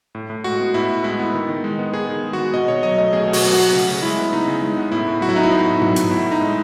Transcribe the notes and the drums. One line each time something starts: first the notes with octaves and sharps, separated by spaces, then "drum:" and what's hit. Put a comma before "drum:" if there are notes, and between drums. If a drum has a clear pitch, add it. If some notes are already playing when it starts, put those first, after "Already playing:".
A2
A2
G#3 F#4
B3
A2 E4
A2
G#3 E4
B3
D#3
D#3
G#3
B3
D#3 G#4
D#3
G#3
B3 F#4
B2 D#5
B2 C#5
F#3 D#5
A3 D#5
B2 G#4
B2
F#4, drum: open hi-hat
F#3
F#4
A3
C#3
C#3
G#3 E4
B3
C#3 D#4
C#3
G#3
B3
A2 E4
A2
F#3 F#4
E4
B3 D#4
E4
A2 D#4
A2
F#3, drum: tom G#2
B3, drum: hi-hat
A2 E4
A2
D#4
G#3